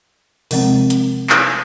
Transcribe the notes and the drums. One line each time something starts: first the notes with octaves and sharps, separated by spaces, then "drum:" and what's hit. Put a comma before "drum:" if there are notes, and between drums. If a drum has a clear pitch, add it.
C3 F3 G#3 C4, drum: open hi-hat
drum: hi-hat
drum: clap